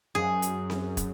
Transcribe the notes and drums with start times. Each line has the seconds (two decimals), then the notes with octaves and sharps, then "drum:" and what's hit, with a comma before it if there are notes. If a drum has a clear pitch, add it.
0.15 F#2 G#4
0.42 drum: hi-hat
0.70 drum: snare C4
0.97 drum: kick, hi-hat